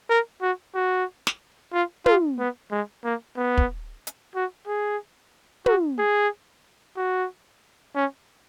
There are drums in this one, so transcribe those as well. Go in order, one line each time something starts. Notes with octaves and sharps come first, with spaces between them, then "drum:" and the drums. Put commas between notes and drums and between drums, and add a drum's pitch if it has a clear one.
A#4
F#4
F#4
drum: snare
F4
F4, drum: tom
B3
G#3
A#3
B3
drum: kick
drum: hi-hat
F#4
G#4
F#4, drum: tom
G#4
F#4
C#4